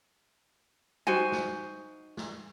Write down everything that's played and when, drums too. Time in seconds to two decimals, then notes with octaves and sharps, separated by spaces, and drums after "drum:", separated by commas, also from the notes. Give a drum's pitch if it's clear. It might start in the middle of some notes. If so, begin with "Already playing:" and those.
1.07 D#4 F#4 C5 G#5, drum: tom F#3
1.32 drum: snare
2.17 drum: snare